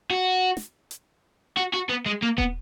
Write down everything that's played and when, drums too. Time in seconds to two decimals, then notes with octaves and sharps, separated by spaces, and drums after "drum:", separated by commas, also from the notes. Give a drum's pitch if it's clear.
0.10 F#4
0.57 drum: snare
0.91 drum: hi-hat
1.57 F#4
1.73 F#4
1.89 B3
2.06 G#3
2.22 A#3
2.38 B3, drum: kick D#1